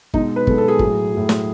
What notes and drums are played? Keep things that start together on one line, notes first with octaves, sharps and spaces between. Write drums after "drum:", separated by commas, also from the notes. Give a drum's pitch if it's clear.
B2 G#3 D#4, drum: kick
B4
B2 G#3 A4, drum: kick
A4
G#4
A2 F#3, drum: kick
A2 F#3
drum: snare